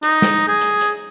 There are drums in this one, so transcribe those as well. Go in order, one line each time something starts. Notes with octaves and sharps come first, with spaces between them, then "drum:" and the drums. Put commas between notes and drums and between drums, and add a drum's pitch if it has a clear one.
D#4, drum: hi-hat
drum: snare
G#4
drum: hi-hat
drum: hi-hat